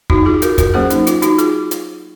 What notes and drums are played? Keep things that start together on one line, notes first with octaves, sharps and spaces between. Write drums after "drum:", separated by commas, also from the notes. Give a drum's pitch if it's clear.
D#4 F#4, drum: kick
F4 G#4
F#4 A#4, drum: hi-hat
F#4 A#4, drum: kick, hi-hat
F#3 A#3 C#4 G#4 C5
D#4, drum: hi-hat
F4, drum: hi-hat
D#4 F#4, drum: hi-hat
F4 G#4, drum: hi-hat
drum: hi-hat